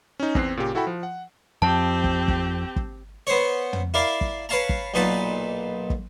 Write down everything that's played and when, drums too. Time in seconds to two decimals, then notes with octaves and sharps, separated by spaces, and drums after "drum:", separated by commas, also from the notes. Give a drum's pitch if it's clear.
0.20 C#4 D#4
0.35 E2 C4 F#6 C7, drum: kick
0.57 A#2 C#3 G4
0.75 E4 F#4 A4 F#5 G5 B5
0.87 F3
1.03 F#5
1.62 F2 F3 C4 G4 A5
2.04 drum: kick
2.28 drum: kick
2.76 drum: kick
3.27 B3 C5 C#5
3.73 drum: tom
3.94 E4 A#4 D5 F5
4.21 drum: kick
4.49 B4 C#5 F5 A5 A#5
4.69 drum: kick
4.94 B1 A#2 D#4 B4 A5
5.90 drum: kick